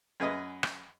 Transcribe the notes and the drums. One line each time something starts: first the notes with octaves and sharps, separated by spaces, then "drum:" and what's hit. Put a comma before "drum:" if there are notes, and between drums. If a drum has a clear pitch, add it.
F#2 G#4 B4 D#5 D#6
drum: rim click